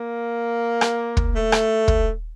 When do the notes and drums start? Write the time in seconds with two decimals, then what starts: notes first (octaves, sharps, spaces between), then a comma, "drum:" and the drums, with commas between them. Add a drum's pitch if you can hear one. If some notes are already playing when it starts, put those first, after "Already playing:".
Already playing: A#3
0.81 drum: rim click
1.17 drum: kick
1.35 A3
1.52 drum: rim click
1.88 drum: kick